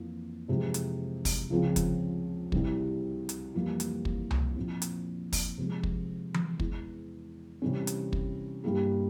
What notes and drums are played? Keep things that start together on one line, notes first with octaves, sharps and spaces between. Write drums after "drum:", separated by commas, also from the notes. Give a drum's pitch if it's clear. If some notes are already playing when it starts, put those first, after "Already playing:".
Already playing: F2 E3 A#3
F2 C3 E3 G#3
drum: hi-hat
drum: kick, open hi-hat
C#2 C#3 F3 C4 F4
drum: kick, hi-hat
C2 C3 G3, drum: kick
drum: hi-hat
F2 E3 G3 A#3
drum: hi-hat
drum: kick
drum: tom C2
A#2 F3 C4
drum: hi-hat
drum: kick, open hi-hat
C3 F3 G#3
drum: kick
drum: tom E3
E2 E3 G#3, drum: kick
C3 E3 G3 C#4
drum: hi-hat
drum: kick
G2 G3 A#3 E4 G4